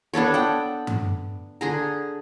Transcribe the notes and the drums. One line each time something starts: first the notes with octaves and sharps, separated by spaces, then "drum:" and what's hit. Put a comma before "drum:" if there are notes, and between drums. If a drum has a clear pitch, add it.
B3 D4 A4 C#5
F#5 G5
drum: tom G2
D3 G#4 A#5